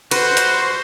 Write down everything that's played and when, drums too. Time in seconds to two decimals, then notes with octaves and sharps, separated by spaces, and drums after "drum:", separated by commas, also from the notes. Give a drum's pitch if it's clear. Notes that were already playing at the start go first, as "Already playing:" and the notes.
0.11 F#4 B4 C5, drum: cymbal
0.37 drum: hi-hat